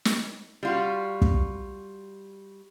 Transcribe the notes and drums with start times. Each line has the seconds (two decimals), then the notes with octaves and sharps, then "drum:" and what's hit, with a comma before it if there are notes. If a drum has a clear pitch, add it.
0.05 drum: snare
0.63 G3 F4 F#4
1.22 drum: kick